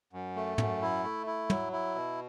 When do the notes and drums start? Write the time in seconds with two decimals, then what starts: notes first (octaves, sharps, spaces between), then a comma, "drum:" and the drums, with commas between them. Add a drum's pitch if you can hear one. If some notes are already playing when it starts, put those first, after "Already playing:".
0.13 F#2
0.36 A3
0.58 F#2, drum: tom
0.82 E4
1.04 A3
1.27 E4
1.50 F#3, drum: tom
1.73 E4
1.95 B2